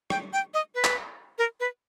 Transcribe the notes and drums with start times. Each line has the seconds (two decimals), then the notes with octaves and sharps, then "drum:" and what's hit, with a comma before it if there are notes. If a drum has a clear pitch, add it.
0.10 G5, drum: rim click
0.33 G5
0.54 D#5
0.75 B4
0.84 drum: clap
1.38 A#4
1.60 B4